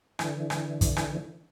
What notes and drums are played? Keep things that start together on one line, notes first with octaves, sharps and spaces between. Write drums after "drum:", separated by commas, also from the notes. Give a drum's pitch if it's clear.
D3 E3, drum: rim click
drum: rim click
drum: kick, hi-hat
drum: rim click